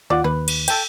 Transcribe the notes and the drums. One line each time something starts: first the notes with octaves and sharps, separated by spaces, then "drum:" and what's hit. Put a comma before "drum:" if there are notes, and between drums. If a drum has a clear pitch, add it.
D#2 F4 D5 F#5
D#2 B4
drum: cymbal
A4 G5, drum: cymbal